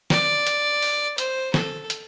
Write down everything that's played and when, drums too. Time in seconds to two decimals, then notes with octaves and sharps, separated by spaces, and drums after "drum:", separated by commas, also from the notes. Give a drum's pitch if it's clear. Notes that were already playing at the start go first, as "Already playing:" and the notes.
0.10 D5, drum: snare
0.47 drum: hi-hat
0.82 drum: open hi-hat
1.18 C5, drum: hi-hat
1.54 A4, drum: snare
1.90 drum: hi-hat